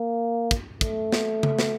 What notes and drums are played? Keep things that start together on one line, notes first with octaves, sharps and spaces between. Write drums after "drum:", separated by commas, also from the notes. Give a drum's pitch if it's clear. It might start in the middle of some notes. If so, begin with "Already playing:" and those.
Already playing: A#3
drum: kick, hi-hat
A3, drum: kick, hi-hat
drum: snare
drum: tom C#3
drum: snare